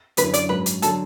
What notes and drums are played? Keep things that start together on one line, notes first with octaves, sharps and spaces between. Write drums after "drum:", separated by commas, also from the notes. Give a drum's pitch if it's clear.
F#2 D3 F#3 C#4 E4 B4, drum: hi-hat
D5, drum: hi-hat
G#2 F#3 C#4 B4
drum: hi-hat
D3 F#3 A4, drum: hi-hat